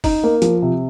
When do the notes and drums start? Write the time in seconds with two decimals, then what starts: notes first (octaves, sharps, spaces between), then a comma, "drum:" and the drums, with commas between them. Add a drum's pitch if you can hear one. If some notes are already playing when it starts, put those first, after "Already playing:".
0.04 D#4, drum: kick, open hi-hat
0.24 A#3
0.42 F3, drum: hi-hat
0.62 C3